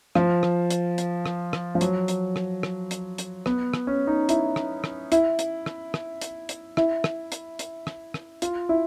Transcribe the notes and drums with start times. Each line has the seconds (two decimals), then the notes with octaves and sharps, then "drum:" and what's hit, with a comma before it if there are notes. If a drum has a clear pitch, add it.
0.15 F3, drum: rim click
0.43 drum: rim click
0.70 drum: hi-hat
0.98 drum: hi-hat
1.26 drum: rim click
1.53 drum: rim click
1.75 F3
1.81 F#3, drum: hi-hat
2.08 drum: hi-hat
2.36 drum: rim click
2.63 drum: rim click
2.91 drum: hi-hat
3.18 drum: hi-hat
3.46 B3, drum: rim click
3.74 drum: rim click
3.87 C#4
4.07 D#4
4.29 E4, drum: hi-hat
4.56 drum: rim click
4.84 drum: rim click
5.12 E4, drum: hi-hat
5.39 drum: hi-hat
5.66 drum: rim click
5.94 drum: rim click
6.21 drum: hi-hat
6.49 drum: hi-hat
6.77 E4, drum: rim click
7.04 drum: rim click
7.32 drum: hi-hat
7.59 drum: hi-hat
7.87 drum: rim click
8.14 drum: rim click
8.42 F4, drum: hi-hat
8.69 E4